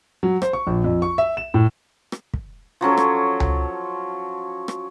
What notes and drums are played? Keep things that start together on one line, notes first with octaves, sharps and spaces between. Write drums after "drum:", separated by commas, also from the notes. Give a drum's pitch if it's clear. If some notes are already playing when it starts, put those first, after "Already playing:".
F#3
C5, drum: rim click
C#6
A#1
F2
C#6
E5
E7
A2
drum: rim click
drum: kick
F3 F#3 C#4 A4
drum: rim click
drum: tom C#2
drum: rim click